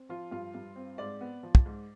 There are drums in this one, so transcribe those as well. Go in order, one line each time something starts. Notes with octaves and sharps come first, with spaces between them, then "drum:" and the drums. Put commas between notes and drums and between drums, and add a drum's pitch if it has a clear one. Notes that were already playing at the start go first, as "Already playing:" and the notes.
Already playing: C4
F3 F4
G2 F4
G2
C4
G#2 D5
B3
F3
drum: kick
G#2